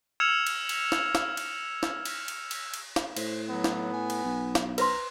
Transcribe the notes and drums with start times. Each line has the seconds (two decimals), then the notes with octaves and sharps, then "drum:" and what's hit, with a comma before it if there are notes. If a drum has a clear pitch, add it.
0.20 E6 F6 G#6 C#7 E7 F7
0.47 drum: cymbal
0.69 drum: cymbal
0.92 drum: snare
1.15 drum: snare
1.37 drum: cymbal
1.83 drum: snare
2.05 drum: cymbal
2.28 drum: cymbal
2.51 drum: cymbal
2.74 drum: cymbal
2.96 drum: snare
3.16 A2 C5, drum: cymbal
3.50 F#3 B3
3.64 drum: snare
3.93 G#5
4.10 drum: cymbal
4.25 B1
4.55 drum: snare
4.78 B4 C5 A#5 C6, drum: cymbal